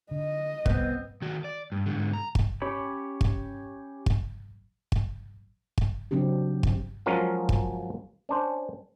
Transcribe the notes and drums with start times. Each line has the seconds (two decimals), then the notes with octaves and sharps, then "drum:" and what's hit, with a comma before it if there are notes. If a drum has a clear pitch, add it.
0.11 D3 D#5
0.66 C2 B3 C4, drum: kick
1.22 D#3 F#4
1.44 D5
1.72 G2
1.86 G#2 D3
2.13 A#5
2.35 drum: kick
2.62 C#4 G4 C#5 B5
3.21 drum: kick
4.06 drum: kick
4.92 drum: kick
5.78 drum: kick
6.11 C#3 F#3 C4 D4 G4
6.63 drum: kick
7.06 F3 F#3 G#3 C#4 A#4 F5
7.49 drum: kick
8.29 C#4 D4 C5